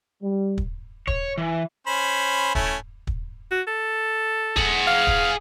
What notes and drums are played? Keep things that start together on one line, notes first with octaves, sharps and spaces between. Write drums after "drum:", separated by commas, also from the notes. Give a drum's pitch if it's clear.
G3
drum: kick
C#5, drum: kick
E3
C#4 C5 B5
A3 C#4 E4, drum: kick
drum: kick
F#4
A4
G#4 F#5, drum: kick
F5
drum: kick